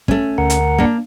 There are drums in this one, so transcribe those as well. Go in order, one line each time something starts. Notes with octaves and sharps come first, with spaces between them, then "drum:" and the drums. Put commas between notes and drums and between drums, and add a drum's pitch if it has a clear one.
A3 C#4, drum: kick
D2 A#4 F#5
drum: hi-hat
A#3 D4